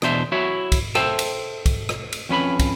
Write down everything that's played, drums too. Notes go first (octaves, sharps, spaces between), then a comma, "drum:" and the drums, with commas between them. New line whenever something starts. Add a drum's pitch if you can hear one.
E2 B2 D4 C5 E5, drum: rim click
E4 F#4 C#5 E5
drum: kick, cymbal
A4 C5 E5 G5 A5, drum: rim click
drum: cymbal
drum: kick, cymbal
drum: rim click
drum: cymbal
F2 C#4 B4 B5
drum: kick, cymbal